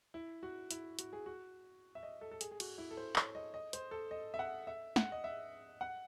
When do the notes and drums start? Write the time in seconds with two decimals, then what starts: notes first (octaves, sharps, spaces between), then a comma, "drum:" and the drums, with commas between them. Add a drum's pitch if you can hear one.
0.14 E4
0.43 F#4
0.71 E4, drum: hi-hat
0.99 F#4, drum: hi-hat
1.13 G#4
1.26 F#4
1.95 E5
2.03 D#5
2.21 A4
2.31 A4
2.41 G#4, drum: hi-hat
2.51 G#4
2.60 F#4, drum: cymbal
2.78 E4
2.91 A4
2.97 C5
3.16 C#5, drum: clap
3.35 D#5
3.54 D#5
3.73 C5, drum: hi-hat
3.91 A4
4.11 D#5
4.34 E5
4.39 F#5
4.67 E5
4.96 F#5, drum: snare
5.12 D#5
5.24 E5
5.81 F#5